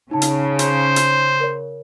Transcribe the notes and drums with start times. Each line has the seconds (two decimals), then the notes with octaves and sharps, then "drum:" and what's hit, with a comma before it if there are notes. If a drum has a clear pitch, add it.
0.11 C#3 D#4 A5
0.22 drum: hi-hat
0.59 C5, drum: hi-hat
0.96 drum: hi-hat
1.40 A#4 C#5